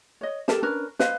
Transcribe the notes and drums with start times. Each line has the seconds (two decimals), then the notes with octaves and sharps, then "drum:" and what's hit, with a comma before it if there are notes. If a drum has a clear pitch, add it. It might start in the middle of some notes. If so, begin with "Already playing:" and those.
0.21 C#5 D#5
0.48 G4 A4 A#4 A5, drum: snare
0.63 C#4 D4 A#4 B4
0.99 B4 C5 D#5 F5, drum: snare